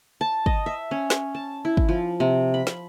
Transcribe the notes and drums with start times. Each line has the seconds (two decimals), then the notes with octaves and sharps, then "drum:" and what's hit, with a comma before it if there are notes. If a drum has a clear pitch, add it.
0.21 A5
0.46 D#5, drum: kick
0.66 E5
0.91 C#4
1.10 drum: snare
1.35 A5
1.65 E4
1.77 drum: kick
1.89 F3
2.20 C3
2.54 B5
2.67 drum: snare